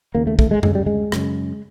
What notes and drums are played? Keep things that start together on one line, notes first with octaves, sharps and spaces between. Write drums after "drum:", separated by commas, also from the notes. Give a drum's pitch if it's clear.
D#2 C#3 A#3
A3
A3, drum: kick
G#3
D2 C#3 G#3, drum: tom F#2
G3
G#3
F#2 C#3, drum: rim click